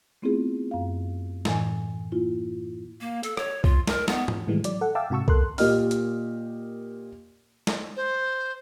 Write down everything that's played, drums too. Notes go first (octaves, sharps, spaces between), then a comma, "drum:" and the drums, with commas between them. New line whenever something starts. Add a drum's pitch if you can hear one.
A3 B3 C4 E4 F4 G#4
F#2 F5
A2 E3 G#5, drum: snare
A#3 E4 F4
A#3
A4, drum: hi-hat
C#5, drum: rim click
F4, drum: kick C2
A#4, drum: snare
B3, drum: snare
drum: tom G#2
A2 D#3 E3 G3 G#3
F#3 D5, drum: hi-hat
A4 F#5
E5 F5 G5 A5 D6 E6
G#2 C3 F#4 A5 C#6 E6
A4 A#4 C6 F#6, drum: kick C2
A#2 G4 A#4 D#5 F6, drum: open hi-hat
drum: hi-hat
drum: snare
C5